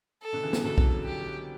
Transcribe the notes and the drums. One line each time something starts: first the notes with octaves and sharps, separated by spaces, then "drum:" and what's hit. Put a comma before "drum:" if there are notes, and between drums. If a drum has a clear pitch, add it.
A4
B2 D3
C#3 E3
D3 F#3, drum: snare
B2 D3 A4
drum: kick
G4